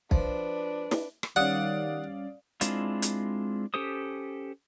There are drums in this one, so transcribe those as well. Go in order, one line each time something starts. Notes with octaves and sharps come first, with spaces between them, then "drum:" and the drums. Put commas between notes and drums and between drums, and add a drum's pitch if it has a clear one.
F3 D4 B4, drum: kick B1
drum: snare
drum: rim click
D#3 G3 C#4 D5 F5 F#5 D#6
G#3 C4 D4 E4 F4, drum: hi-hat
drum: hi-hat
C#4 G4 A4 C5 D#6